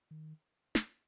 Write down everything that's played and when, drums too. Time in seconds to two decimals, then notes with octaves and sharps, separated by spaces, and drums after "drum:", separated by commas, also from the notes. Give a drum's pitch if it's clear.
0.11 D#3
0.75 drum: snare